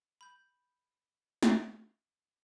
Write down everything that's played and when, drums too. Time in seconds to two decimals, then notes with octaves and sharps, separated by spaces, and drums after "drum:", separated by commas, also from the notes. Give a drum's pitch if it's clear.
0.21 B5 G6
1.43 drum: snare